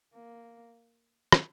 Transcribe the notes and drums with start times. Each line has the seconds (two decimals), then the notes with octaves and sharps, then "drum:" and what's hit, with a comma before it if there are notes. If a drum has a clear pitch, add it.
0.14 A#3
1.32 drum: rim click